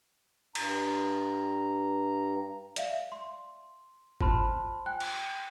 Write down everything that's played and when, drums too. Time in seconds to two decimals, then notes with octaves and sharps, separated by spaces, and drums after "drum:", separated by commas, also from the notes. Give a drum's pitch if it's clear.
0.55 G2 A#5, drum: cymbal
2.76 D5 E5 F5, drum: hi-hat
3.12 C6
4.21 F4 C5 A5 B5 C6 F6, drum: kick G1
4.86 G5 G#5 F#6
5.00 drum: cymbal